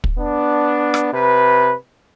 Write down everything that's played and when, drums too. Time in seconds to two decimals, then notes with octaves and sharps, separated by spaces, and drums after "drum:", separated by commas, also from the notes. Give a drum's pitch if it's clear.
0.04 drum: kick
0.19 B3 D4
0.94 drum: rim click
1.12 C3 B4